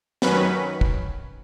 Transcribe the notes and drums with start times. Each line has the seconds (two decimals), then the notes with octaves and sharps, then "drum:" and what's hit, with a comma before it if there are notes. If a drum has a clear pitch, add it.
0.22 F#2 D#3 F#3 C#4 B4 B5, drum: snare
0.81 drum: kick